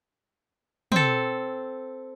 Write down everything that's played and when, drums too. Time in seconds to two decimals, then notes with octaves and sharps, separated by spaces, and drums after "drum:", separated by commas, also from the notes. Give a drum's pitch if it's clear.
0.92 C4 A4, drum: tom